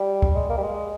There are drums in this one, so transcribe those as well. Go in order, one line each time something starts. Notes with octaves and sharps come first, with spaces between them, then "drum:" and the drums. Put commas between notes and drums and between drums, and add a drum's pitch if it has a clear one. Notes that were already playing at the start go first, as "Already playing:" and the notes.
Already playing: G3
drum: kick
G#3
A#3
G3
G#3